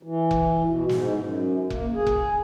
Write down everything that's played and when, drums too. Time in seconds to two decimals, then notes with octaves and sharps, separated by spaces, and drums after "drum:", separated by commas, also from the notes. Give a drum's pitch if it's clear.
0.03 E3
0.31 drum: kick F1
0.65 B2
0.89 G#2, drum: snare
1.21 F#2
1.70 A#3, drum: kick F1
1.94 G#4
2.07 drum: kick F1